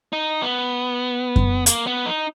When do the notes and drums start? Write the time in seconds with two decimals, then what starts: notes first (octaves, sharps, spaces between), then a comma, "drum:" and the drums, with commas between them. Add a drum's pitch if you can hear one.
0.13 D#4
0.42 B3
1.36 drum: kick F#2
1.66 A#3, drum: hi-hat
1.87 B3
2.06 D#4